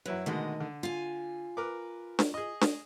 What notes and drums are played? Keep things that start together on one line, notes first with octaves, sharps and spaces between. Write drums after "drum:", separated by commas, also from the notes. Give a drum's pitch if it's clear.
F#2 F#3 E4 B4
B2 D3 D#3 G#3 A3 D#5
D3
F4 G#5
A#4 B4 D6
drum: snare D4
G#4 D#5
drum: snare D4